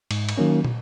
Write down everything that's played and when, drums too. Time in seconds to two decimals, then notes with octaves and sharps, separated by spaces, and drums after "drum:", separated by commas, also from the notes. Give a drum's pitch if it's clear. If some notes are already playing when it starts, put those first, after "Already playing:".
0.11 G#2, drum: cymbal
0.29 drum: cymbal
0.38 D#3 F#3 A#3 C#4
0.65 drum: tom